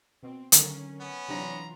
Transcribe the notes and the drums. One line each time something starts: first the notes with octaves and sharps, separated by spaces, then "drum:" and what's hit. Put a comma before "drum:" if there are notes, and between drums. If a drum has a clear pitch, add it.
B2 C4
D3 D#3 F#3 C#4 A#4, drum: hi-hat
B3 C#4
C3 E3 F#3 D4 F4 A#5